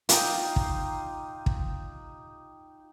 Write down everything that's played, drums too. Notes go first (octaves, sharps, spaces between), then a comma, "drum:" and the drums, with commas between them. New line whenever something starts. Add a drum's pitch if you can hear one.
D#4 F4 G4 A#5, drum: hi-hat
drum: kick
drum: kick